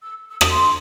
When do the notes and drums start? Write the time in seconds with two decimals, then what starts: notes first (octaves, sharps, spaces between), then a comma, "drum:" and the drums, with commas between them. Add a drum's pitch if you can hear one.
0.03 E6
0.31 E6
0.41 D#6, drum: rim click
0.50 C6